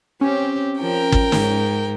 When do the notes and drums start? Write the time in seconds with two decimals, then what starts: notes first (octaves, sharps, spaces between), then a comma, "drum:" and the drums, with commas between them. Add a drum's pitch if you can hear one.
0.21 C4 C#4 G4
0.81 F3 A#4 G5
1.12 drum: kick
1.32 G#2, drum: snare